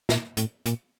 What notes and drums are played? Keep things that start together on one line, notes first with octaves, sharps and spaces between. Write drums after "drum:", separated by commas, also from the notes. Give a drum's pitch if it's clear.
A#2, drum: snare
A2, drum: hi-hat
A#2, drum: hi-hat